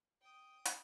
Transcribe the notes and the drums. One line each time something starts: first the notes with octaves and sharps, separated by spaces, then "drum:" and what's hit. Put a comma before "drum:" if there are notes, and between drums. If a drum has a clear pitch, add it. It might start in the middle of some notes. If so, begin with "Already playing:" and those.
G5 D#6
drum: hi-hat